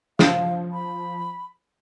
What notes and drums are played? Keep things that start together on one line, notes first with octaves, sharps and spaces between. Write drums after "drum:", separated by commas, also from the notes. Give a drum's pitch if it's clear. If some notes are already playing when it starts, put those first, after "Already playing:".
F3 F5, drum: snare
B5